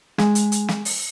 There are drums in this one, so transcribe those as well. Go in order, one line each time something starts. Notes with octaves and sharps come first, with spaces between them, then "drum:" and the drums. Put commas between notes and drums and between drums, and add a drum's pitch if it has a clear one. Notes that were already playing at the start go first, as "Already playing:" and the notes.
G#3, drum: snare
drum: hi-hat
drum: hi-hat
drum: snare
drum: open hi-hat